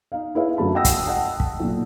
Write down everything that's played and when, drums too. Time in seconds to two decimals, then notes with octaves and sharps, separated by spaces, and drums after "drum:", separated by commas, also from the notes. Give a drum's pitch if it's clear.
0.12 D#4 F5
0.35 E4 G#4 B4 C#5 E5 F5
0.57 F#2 D3 A3 F#4 A5 B5
0.74 D#5 F#5 G5 D#6 E6 A#6
0.85 drum: kick, hi-hat
1.07 D#5 F#5 G5 A5
1.40 drum: kick
1.60 B1 A#2